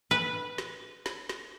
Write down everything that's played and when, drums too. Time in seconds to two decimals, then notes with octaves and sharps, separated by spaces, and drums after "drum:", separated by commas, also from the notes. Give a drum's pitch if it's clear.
0.11 B4
0.58 drum: snare
1.06 drum: snare
1.29 drum: snare